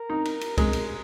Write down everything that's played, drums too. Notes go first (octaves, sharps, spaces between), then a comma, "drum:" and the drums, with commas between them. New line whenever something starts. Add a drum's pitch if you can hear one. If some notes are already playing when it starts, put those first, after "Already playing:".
Already playing: A#4
D#4
drum: cymbal
drum: cymbal
G#3 A#4, drum: kick C2, cymbal
drum: cymbal